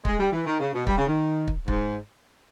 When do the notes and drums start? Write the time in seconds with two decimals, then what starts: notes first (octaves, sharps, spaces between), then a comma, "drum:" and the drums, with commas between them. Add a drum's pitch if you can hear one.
0.05 G#3, drum: kick
0.19 G3
0.32 E3
0.46 D#3
0.60 C#3
0.73 B2
0.87 G3, drum: kick
0.98 C#3
1.07 D#3
1.48 drum: kick
1.68 G#2, drum: kick